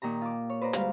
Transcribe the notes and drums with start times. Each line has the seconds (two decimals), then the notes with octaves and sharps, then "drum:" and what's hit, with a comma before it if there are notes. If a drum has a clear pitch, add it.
0.02 A#2 D#3 G4 A#5
0.21 F4 D6
0.50 C#5
0.61 B4 C5 D5 A#5
0.73 D2 G3 G#3 D5 F5 A#5, drum: hi-hat